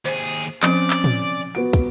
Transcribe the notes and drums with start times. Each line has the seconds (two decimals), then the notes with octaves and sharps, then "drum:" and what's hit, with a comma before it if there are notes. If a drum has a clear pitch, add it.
0.05 D#2 G#4 C5
0.63 F3 C4 C#4 D5, drum: clap
0.90 drum: clap
1.04 drum: tom A2
1.55 B3 F#4 D7
1.73 drum: kick